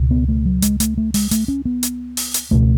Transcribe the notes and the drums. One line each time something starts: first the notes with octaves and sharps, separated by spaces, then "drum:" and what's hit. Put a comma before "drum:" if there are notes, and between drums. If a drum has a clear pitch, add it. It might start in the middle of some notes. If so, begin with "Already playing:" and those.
Already playing: C#2 B2
B3
A3
F#3
G#3, drum: hi-hat
A3, drum: hi-hat
A3
G#3, drum: open hi-hat
A3, drum: hi-hat
C#4
B3
drum: hi-hat
drum: open hi-hat
drum: hi-hat
C#2 B2 A3